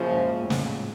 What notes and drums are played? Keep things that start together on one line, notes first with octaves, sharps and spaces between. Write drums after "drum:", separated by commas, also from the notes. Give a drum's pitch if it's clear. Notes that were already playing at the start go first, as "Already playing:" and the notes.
Already playing: F#2 A#2 C#3 F3
G#2
A2
G#2, drum: snare